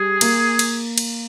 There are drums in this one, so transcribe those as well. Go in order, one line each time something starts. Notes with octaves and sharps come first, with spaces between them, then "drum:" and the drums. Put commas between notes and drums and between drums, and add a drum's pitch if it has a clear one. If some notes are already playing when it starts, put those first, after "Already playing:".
Already playing: G3 G#4
A#3, drum: cymbal
drum: cymbal
drum: cymbal